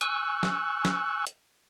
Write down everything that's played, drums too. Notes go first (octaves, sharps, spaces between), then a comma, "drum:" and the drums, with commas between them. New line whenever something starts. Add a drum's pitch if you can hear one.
G#5 C#6 E6 F#6, drum: hi-hat
drum: snare
drum: snare
drum: hi-hat